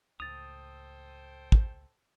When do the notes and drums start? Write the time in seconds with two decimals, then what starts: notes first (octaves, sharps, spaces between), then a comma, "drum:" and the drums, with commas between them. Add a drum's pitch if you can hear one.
0.20 C#2 A2 A4 C5 G5 D#6 A6 F7
1.52 drum: kick